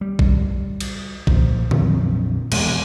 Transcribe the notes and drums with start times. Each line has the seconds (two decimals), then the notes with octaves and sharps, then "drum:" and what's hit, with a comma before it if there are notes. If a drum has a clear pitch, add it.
0.01 G3
0.19 drum: kick
0.80 drum: cymbal
1.27 A#2 F3, drum: kick
1.71 A#1 F2 E3 F#3, drum: tom D3
2.52 E1 D#2 G#3, drum: cymbal